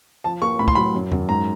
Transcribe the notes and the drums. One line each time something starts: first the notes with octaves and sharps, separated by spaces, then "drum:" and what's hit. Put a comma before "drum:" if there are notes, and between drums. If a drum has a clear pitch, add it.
F3 A5
A#3 C#6
A2 B5
C6, drum: kick
F#3 B5
F#2
F#2, drum: tom E2
G#2 A#5